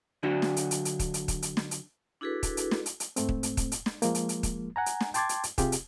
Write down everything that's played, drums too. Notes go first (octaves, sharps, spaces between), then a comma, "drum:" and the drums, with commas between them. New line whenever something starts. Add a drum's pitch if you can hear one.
D3 F#3 D4 F#4
drum: snare
drum: hi-hat
drum: hi-hat
drum: hi-hat
drum: kick, hi-hat
drum: hi-hat
drum: kick, hi-hat
drum: hi-hat
drum: snare
drum: hi-hat
D4 E4 F#4 G#4 A4 B4
drum: kick, hi-hat
drum: hi-hat
drum: snare
drum: hi-hat
drum: hi-hat
G#2 A3 C4, drum: hi-hat
drum: kick
drum: hi-hat
drum: kick, hi-hat
drum: hi-hat
drum: snare
F3 G#3 A#3, drum: hi-hat
drum: hi-hat
drum: hi-hat
drum: kick, hi-hat
F#5 G#5 A#5
drum: hi-hat
drum: snare
G5 A5 C6 D6 G#6 A6, drum: hi-hat
drum: hi-hat
drum: hi-hat
C3 C4 F4 G4 G#4, drum: kick, hi-hat
drum: hi-hat